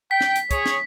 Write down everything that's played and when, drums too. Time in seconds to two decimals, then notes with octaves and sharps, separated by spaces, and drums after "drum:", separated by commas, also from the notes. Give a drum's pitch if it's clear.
0.11 G5 B6
0.21 drum: snare
0.36 drum: hi-hat
0.51 G#4 C#5, drum: kick, hi-hat
0.66 drum: snare